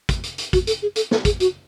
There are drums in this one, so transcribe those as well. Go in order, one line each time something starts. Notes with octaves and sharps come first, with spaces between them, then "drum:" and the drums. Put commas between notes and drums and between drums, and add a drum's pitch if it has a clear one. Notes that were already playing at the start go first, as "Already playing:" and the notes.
drum: kick, hi-hat
drum: hi-hat
drum: hi-hat
F#4, drum: kick, hi-hat
A4, drum: hi-hat
G#4
A4, drum: hi-hat
A4, drum: snare
G#4, drum: kick, hi-hat
F#4, drum: hi-hat